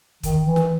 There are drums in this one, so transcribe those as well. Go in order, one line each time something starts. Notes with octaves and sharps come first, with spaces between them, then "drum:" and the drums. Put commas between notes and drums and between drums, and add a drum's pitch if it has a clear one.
D#3, drum: kick, hi-hat
E3
drum: snare